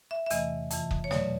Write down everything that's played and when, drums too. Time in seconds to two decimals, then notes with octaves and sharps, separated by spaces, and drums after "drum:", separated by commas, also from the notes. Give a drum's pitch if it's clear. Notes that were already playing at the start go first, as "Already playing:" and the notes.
0.11 E5
0.26 E5
0.30 E2 C3 E3 A3 D#5, drum: hi-hat
0.71 F2 C3 E3, drum: hi-hat
0.91 drum: kick
1.04 C#5
1.11 B2 F#3 A3 D5, drum: snare